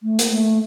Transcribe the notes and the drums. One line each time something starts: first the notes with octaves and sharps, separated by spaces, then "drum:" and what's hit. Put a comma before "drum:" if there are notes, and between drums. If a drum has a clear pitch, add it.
A3
A#3, drum: hi-hat
A3